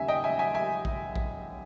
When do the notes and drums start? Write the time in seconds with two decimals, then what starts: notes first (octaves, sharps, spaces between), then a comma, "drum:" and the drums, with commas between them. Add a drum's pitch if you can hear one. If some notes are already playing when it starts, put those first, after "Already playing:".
Already playing: D#2 C#3 G3 E5 G#5
0.08 D#5 G5
0.24 E5 G#5
0.39 E5 G#5
0.54 E5 G#5
0.85 drum: kick
1.16 drum: kick